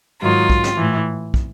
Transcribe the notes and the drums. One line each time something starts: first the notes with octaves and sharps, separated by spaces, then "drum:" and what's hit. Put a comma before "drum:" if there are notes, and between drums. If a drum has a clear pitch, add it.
G#2 D#3 F#3 F4
drum: kick
drum: snare
A2 E3
drum: kick